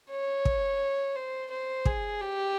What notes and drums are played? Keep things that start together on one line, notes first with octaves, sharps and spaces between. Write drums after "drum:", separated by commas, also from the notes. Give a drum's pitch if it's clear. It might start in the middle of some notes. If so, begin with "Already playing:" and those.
C#5
drum: kick
C5
C5
G#4, drum: kick
G4